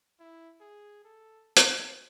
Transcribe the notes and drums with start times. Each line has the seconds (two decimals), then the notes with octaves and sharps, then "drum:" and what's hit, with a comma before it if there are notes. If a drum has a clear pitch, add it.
0.19 E4
0.61 G#4
1.04 A4
1.56 B3, drum: hi-hat